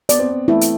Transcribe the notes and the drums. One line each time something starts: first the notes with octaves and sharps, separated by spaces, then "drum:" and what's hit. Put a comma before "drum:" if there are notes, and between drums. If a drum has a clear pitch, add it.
B3 D5, drum: hi-hat
C4
B3
A3 E4
drum: hi-hat